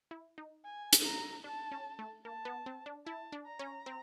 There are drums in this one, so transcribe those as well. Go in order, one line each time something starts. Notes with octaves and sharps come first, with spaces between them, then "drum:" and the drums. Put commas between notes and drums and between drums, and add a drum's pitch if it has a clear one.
E4
D#4
G#5
drum: hi-hat
A#5
D4 A5
C#4
A3
A#3 A5
B3
C4
D4
E4 A5
D4
A#5
C#4
C4